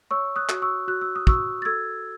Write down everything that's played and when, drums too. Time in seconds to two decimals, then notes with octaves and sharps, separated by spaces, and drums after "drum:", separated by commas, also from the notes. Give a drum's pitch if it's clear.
0.11 C#5 C#6 E6
0.36 D#6 F#6
0.49 F#4, drum: clap
0.62 C#6 E6
0.87 F#4 F#6
1.01 E6
1.16 D#6
1.27 F#4 C#6 E6, drum: kick
1.62 A6
1.65 A4 E6 G#6